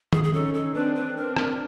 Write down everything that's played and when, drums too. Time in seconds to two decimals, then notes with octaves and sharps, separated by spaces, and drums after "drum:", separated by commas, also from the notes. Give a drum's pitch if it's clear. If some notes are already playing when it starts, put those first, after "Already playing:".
0.13 G#4, drum: tom D#3
0.24 G#4
0.33 C#4 D#4 A4
0.54 A4
0.74 C4 D4 B4
0.95 B4
1.15 C4 D4 A#4
1.36 A#4, drum: rim click